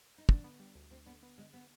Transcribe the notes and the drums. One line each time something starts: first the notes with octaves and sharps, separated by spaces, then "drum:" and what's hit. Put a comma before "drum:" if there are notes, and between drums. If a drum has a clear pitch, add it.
D#4
D3 D4, drum: kick
B3
G3
D2
D2 C4
D3 B3
B3
D3 G#3
B3